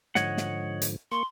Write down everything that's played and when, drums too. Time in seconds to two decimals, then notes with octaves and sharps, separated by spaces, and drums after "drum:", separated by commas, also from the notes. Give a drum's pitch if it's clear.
0.15 G#2 D3 F3 C#5 D#5 F#5, drum: snare
0.37 drum: snare
0.82 drum: hi-hat
1.12 A#3 C6 C#6